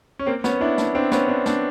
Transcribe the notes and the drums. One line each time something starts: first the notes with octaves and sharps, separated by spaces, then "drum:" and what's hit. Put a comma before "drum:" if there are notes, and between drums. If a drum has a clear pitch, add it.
C#4
A#3 C4
B3 C#4, drum: snare
D4 E4
D4 E4, drum: snare
C4 D4
B3 C#4, drum: snare
C4 D4
C4 D4, drum: snare